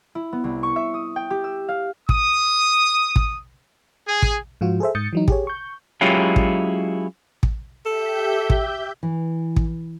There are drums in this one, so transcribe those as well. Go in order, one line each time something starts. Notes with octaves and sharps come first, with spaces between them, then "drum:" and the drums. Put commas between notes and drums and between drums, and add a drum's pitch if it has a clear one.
E4
B3
C2
C#6
E5
D#6
G5
G4
E6
F5
D#6, drum: kick
drum: kick
G#4
drum: kick
G#2 F3 F4 F#4
G#4 A4 C5 E5
G#2 D#6 G6 A6 C#7
E3 F#3 D#4
G4 G#4 C#5, drum: kick
C#6 G6
F#3 G#3 C#4 E4 F4 G4
drum: kick
drum: kick
G4 A4 E5 G6
drum: kick
E3
drum: kick